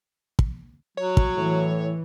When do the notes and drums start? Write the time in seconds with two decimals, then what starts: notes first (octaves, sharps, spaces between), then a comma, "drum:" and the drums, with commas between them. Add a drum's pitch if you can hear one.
0.39 drum: kick
0.97 F#3 C#5
1.17 drum: kick
1.37 A2 E3